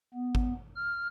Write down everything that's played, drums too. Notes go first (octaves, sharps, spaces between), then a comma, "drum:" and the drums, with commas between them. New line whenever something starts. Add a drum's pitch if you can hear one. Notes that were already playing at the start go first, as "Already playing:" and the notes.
B3
drum: kick G#1
F6